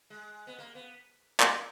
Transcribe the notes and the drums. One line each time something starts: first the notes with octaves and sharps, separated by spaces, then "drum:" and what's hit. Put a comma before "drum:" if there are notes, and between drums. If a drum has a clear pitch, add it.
G#3
B3
A#3
B3
drum: clap